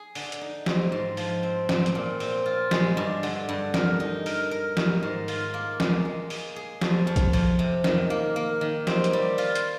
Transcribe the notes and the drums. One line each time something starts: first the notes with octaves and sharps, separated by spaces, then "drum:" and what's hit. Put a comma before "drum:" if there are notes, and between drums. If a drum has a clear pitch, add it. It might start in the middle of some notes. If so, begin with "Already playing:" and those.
Already playing: G#4
D3, drum: open hi-hat
drum: hi-hat
D#4
C4, drum: snare
G#2
F3, drum: open hi-hat
C4
C4, drum: snare
drum: hi-hat
A#2
C4, drum: open hi-hat
F4
G#3, drum: snare
G2
D3, drum: open hi-hat
G2
A#4, drum: snare
D#4
A#4, drum: open hi-hat
A#4
D#3, drum: snare
G#2
F4, drum: open hi-hat
A#3
G#3, drum: snare
G#3
G#4, drum: open hi-hat
G#4
F2, drum: snare
F2
drum: kick, hi-hat
F2, drum: open hi-hat
C3
D#3, drum: snare
A#3
A#3
D#3
C4, drum: snare
drum: hi-hat
G3
F4, drum: open hi-hat
drum: hi-hat